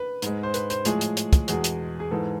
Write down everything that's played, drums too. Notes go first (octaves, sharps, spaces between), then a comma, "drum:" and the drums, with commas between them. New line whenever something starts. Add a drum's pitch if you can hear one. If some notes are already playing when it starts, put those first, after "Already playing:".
Already playing: B4
G#2 G#3, drum: hi-hat
C5
B4, drum: hi-hat
C5, drum: hi-hat
A2 F3 G#3 G#4, drum: hi-hat
drum: hi-hat
drum: hi-hat
drum: kick, hi-hat
E2 B2 G#3 G#4, drum: hi-hat
drum: hi-hat
G#4
G#2 E3 G#3 A4